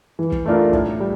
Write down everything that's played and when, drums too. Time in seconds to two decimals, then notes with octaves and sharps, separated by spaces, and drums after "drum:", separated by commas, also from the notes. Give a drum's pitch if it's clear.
0.19 E3
0.32 drum: kick
0.46 A3 D4 F4 A#4
0.73 A2, drum: kick
1.00 G3